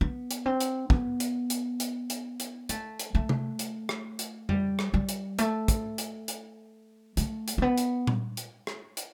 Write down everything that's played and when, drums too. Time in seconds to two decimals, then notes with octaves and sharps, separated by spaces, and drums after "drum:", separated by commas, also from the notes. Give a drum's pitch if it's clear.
0.01 B3
0.31 drum: hi-hat
0.46 C4
0.60 drum: hi-hat
0.90 B3, drum: kick
1.20 drum: hi-hat
1.50 drum: hi-hat
1.80 drum: hi-hat
2.10 drum: hi-hat
2.40 drum: hi-hat
2.69 A3, drum: hi-hat
2.99 drum: hi-hat
3.15 A3
3.29 drum: tom C3
3.59 drum: hi-hat
3.89 drum: rim click
4.19 drum: hi-hat
4.49 G3, drum: tom F2
4.79 drum: rim click
4.94 G3
5.09 drum: hi-hat
5.39 A3, drum: hi-hat
5.68 drum: kick, hi-hat
5.98 drum: hi-hat
6.28 drum: hi-hat
7.17 A3, drum: hi-hat
7.48 drum: hi-hat
7.58 A3
7.62 B3
7.78 drum: hi-hat
8.07 drum: tom A#2
8.37 drum: hi-hat
8.67 drum: rim click
8.97 drum: hi-hat